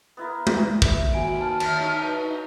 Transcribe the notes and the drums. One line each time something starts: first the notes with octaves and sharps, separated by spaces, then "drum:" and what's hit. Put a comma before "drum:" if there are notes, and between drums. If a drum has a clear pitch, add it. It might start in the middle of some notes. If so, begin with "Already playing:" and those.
B3 E4 A#4
drum: tom G#3
E5, drum: kick
D#2 F#4 G#5 D7
A5 F6
drum: cymbal
F#3 D#4
B4